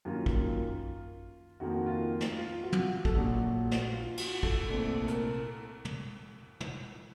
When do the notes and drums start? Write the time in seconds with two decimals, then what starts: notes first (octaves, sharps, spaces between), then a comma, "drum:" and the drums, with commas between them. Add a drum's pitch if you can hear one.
0.05 F#2 D#3 A#3 F4
0.26 drum: kick
1.60 F2 D#3 A#3 F#4
1.86 F4
2.20 drum: snare
2.37 F4
2.63 F#4
2.72 drum: tom
2.88 F#4
3.05 A4, drum: kick
3.15 A#1 A#2 F#3 F#4
3.71 drum: snare
3.92 F4
4.17 F#4, drum: cymbal
4.43 A4, drum: kick
4.69 C2 A#2 A3 C4 A4
5.08 A#4, drum: hi-hat
5.85 drum: tom
6.60 drum: tom